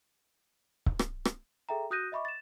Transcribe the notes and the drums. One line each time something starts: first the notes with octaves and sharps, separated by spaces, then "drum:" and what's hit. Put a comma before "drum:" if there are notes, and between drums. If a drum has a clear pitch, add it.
drum: kick C#1
drum: rim click
drum: rim click
G#4 A4 E5 G5 A#5
F#4 D#6 F#6 G6 A#6 D#7
D#5 E5 B5 C#6 D6
A6 E7